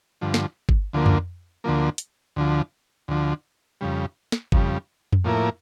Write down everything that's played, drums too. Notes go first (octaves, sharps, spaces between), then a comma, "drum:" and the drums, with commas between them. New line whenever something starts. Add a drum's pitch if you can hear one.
G2 D3 F3
drum: snare
drum: kick G1
D2 D3 F3 A#3
drum: tom F2
D2 D3 F3 A#3
drum: hi-hat
D2 D3 F3
D2 D3 F3
F2 C#3 G3
drum: snare
F2 C#3 G3, drum: kick G1
drum: tom F2
A2 F3 A#3 E4 A#4